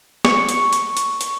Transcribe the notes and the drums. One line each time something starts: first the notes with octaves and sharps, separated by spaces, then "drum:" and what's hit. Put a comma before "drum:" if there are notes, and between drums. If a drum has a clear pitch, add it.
C#6, drum: snare
drum: hi-hat
drum: hi-hat
drum: hi-hat
drum: hi-hat